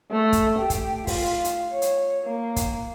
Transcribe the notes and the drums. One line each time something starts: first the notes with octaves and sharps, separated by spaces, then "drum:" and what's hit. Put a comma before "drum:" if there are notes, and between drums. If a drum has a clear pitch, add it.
A3
drum: kick, hi-hat
G4
drum: kick, hi-hat
F4, drum: kick, open hi-hat
drum: hi-hat
C#5
drum: hi-hat
A#3
drum: kick, hi-hat